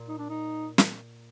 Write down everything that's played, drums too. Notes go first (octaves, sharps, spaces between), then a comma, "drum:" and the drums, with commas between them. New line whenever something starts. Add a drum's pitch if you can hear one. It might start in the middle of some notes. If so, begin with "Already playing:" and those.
Already playing: A#2
D#4
D4
D#4
drum: snare